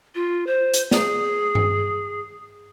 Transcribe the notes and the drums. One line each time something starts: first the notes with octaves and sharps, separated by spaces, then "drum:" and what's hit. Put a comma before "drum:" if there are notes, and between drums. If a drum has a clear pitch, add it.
F4
C5
drum: hi-hat
G#4, drum: snare
drum: tom G2